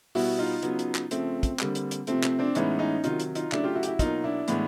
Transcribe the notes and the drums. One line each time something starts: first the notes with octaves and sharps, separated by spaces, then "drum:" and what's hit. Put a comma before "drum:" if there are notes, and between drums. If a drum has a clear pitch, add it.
B2 G3 B3 E4 F#4, drum: open hi-hat
D#4 F4
C#3 F#3 B3, drum: hi-hat
drum: hi-hat
drum: clap
C#3 F3 A3 C4, drum: hi-hat
drum: kick, hi-hat
D3 G3 A#3, drum: clap
drum: hi-hat
drum: hi-hat
C3 F3 A3 C4, drum: hi-hat
C4, drum: clap
C4 D4
A2 E3 G#3 B3 C#4 D#4, drum: hi-hat
C#4 D#4
C3 D#3 F#3 D#4 F4, drum: hi-hat
drum: hi-hat
D#4 F4, drum: hi-hat
C#3 F#3 A3 D4 E4, drum: clap
F4 G4
E4 F#4
G4, drum: hi-hat
E4 F#4
B2 F#3 A#3 D#4 F4, drum: kick, hi-hat
D4 E4
A2 E3 G#3 B3, drum: hi-hat